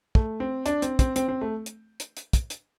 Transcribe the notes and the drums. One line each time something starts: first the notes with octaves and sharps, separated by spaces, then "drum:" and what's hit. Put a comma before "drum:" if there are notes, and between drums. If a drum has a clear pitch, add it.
A3, drum: kick
C4
D4, drum: hi-hat
C4, drum: hi-hat
C4, drum: kick, hi-hat
C4, drum: hi-hat
C4
A3
drum: hi-hat
drum: hi-hat
drum: hi-hat
drum: kick, hi-hat
drum: hi-hat